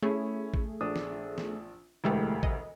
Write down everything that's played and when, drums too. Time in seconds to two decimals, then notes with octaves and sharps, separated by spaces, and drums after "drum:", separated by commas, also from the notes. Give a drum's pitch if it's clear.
0.03 A3 C#4 E4 G#4
0.54 drum: kick A1
0.81 A#1 D4 D#6
0.96 drum: snare
1.38 drum: snare
2.04 E1 D2 E3 G#3 A3 G4
2.43 D#5, drum: kick A1